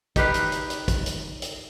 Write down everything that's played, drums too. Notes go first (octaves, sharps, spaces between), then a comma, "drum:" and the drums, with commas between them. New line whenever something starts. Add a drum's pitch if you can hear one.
D#4 G4 B4 F5, drum: kick, hi-hat
drum: hi-hat
drum: hi-hat
drum: hi-hat
drum: kick, hi-hat
drum: hi-hat
drum: hi-hat